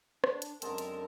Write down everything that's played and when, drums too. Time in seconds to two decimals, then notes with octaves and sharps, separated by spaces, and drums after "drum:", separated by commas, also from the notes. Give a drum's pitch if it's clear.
0.24 D4, drum: rim click
0.42 drum: hi-hat
0.62 F#2 D3 G#3 C4 A#4 A5, drum: hi-hat
0.78 drum: hi-hat